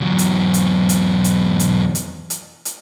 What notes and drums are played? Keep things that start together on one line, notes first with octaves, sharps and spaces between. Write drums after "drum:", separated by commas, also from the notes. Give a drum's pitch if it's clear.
E2 F#3
drum: hi-hat
drum: hi-hat
drum: hi-hat
drum: hi-hat
drum: hi-hat
drum: hi-hat
drum: hi-hat
drum: hi-hat